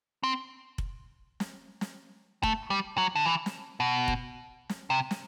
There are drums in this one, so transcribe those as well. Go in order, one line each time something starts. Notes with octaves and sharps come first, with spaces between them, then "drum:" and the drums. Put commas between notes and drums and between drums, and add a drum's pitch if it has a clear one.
C4
drum: kick F1
drum: snare
drum: snare
A3, drum: kick F1
G3
F#3
D3
E3
drum: snare
B2
drum: kick F1
drum: snare
C3
drum: snare